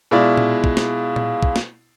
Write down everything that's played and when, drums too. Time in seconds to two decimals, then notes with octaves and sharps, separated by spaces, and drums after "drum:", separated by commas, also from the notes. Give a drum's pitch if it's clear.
0.11 B2 G#3 E4 F4 D5
0.37 drum: tom A#2
0.64 drum: kick
0.77 drum: snare
1.16 drum: tom A#2
1.43 drum: kick
1.56 drum: snare